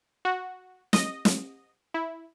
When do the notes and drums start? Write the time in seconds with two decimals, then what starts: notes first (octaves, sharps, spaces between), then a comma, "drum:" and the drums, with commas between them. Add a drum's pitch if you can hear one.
0.25 F#4
0.93 D#5, drum: snare
1.25 drum: snare
1.94 E4